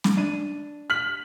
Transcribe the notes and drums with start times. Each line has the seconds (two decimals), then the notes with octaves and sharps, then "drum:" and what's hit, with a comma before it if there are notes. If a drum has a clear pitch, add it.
0.04 drum: snare
0.17 D4 D#7
0.90 F6 B6 F#7